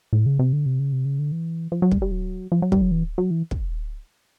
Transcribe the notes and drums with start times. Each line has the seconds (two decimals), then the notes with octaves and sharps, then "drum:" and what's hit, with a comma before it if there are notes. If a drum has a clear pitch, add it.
0.13 A2
0.26 C#3
0.39 C3
0.53 D3
0.66 C3
0.79 C#3
0.92 C3
1.05 C#3
1.19 D3
1.32 E3
1.72 F3
1.82 F#3
1.91 G3, drum: kick
2.02 G3
2.11 F#3
2.52 F3
2.62 F#3
2.72 G3, drum: kick
2.82 F#3
2.91 E3
3.18 F#3
3.31 E3
3.51 drum: kick